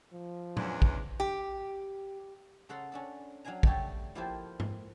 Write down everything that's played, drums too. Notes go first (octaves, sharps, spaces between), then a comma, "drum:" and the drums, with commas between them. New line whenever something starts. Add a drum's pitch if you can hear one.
F3
E2 G#3 C#4 D4, drum: tom A#2
drum: kick
G4
C#3 A4 F#5 A#5 C6
C#4 D4 A4
F#3 D4 F5 G#5 A#5
G3 A3 G4 A4 C#5, drum: kick
F3 A#3 E4 G4 A4 C5
drum: tom G#2